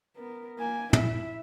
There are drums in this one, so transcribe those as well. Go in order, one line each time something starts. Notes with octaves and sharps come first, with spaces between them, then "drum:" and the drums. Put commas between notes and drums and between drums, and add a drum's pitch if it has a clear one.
B3 A#4
A#3 G#5
E4 E5, drum: tom